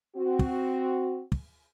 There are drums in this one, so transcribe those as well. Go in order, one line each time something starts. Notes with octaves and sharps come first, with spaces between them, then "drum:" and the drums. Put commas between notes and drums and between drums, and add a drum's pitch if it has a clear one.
C4 F#4
drum: kick
drum: kick